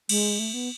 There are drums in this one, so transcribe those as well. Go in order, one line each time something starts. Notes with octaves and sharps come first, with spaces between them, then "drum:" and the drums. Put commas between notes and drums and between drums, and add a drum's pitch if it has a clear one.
G#3, drum: cymbal
A3
B3